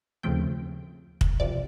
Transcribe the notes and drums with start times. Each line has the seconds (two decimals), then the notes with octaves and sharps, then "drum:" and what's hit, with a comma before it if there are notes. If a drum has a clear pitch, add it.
0.23 D#2 C#3 F3 A3 C4 G5
1.21 drum: kick
1.40 C2 C3 F3 D5